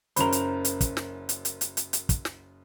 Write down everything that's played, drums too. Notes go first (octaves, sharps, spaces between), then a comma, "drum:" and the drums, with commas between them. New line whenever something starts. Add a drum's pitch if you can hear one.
F#1 F#2 A#4 C5 A#5 B5 F7, drum: hi-hat
drum: hi-hat
drum: hi-hat
drum: kick, hi-hat
drum: snare
drum: hi-hat
drum: hi-hat
drum: hi-hat
drum: hi-hat
drum: hi-hat
drum: kick, hi-hat
drum: snare